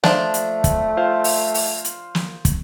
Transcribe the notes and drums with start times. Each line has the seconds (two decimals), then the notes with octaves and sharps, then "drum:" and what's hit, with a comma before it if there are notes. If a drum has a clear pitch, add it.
0.04 F3 A3 D4, drum: snare
0.34 drum: hi-hat
0.64 drum: kick, hi-hat
0.97 F4 C5 F5
1.24 drum: open hi-hat
1.54 drum: open hi-hat
1.85 drum: hi-hat
2.15 drum: snare
2.45 drum: kick, hi-hat